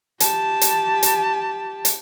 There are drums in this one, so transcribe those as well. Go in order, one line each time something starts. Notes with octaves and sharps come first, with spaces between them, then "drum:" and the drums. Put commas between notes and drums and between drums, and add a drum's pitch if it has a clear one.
G4 A5, drum: hi-hat
drum: hi-hat
drum: hi-hat
drum: hi-hat